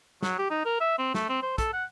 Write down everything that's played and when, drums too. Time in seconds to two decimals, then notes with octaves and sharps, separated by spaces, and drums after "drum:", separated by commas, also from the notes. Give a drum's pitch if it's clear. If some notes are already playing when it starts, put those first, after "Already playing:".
0.22 F#3, drum: snare
0.38 G4
0.50 D#4
0.65 A#4
0.80 E5
0.98 C4
1.14 A3, drum: snare
1.29 C4
1.43 C5
1.58 A4, drum: kick, hi-hat
1.73 F#5